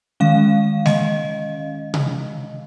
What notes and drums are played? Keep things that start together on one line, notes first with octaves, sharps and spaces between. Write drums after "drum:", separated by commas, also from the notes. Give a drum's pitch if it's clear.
D#3 G#3 C#4 F5
D#5, drum: snare G#3
drum: tom C3